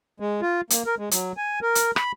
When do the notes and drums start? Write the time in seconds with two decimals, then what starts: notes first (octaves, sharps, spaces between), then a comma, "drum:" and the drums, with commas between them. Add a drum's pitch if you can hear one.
0.20 G#3
0.41 F4
0.70 A#3, drum: hi-hat
0.86 A#4
0.99 G#3
1.11 F#3, drum: hi-hat
1.37 G#5
1.62 A#4
1.75 drum: hi-hat
1.96 B5, drum: rim click